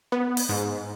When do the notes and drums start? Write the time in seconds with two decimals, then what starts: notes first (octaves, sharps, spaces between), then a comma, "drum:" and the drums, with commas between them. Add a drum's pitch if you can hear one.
0.12 B3
0.37 drum: open hi-hat
0.49 G#2